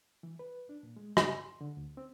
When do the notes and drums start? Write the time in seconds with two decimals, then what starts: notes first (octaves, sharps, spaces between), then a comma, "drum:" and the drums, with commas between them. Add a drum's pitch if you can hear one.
0.23 E3
0.39 B4
0.69 D4
0.83 A#2
0.97 G#3
1.17 C#3, drum: rim click
1.34 C6
1.61 D3
1.77 D2
1.97 C4